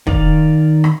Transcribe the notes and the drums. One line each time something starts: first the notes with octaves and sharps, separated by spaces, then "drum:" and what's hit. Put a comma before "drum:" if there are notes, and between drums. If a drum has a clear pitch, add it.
D#3 D5 F5, drum: kick
drum: rim click